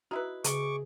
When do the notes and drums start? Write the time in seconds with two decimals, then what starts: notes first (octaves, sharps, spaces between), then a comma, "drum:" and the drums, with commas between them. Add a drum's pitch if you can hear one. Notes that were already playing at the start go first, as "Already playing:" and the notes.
0.11 D#4 E4 F#4 B4
0.44 C#3 G#4 C#6 D6, drum: hi-hat